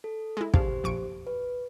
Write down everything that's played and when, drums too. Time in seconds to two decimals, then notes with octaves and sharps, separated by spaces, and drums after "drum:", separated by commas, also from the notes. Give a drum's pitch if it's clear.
0.04 A4
0.37 G#3 E4
0.54 D4 G4 G#4 C5 F5, drum: kick
0.84 A#1 C#6 D7
1.27 B4